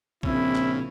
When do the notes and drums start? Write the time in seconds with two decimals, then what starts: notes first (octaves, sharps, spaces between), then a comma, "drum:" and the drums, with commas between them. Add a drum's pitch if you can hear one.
0.23 A#1 C#3 C4 E4, drum: kick B1
0.55 drum: clap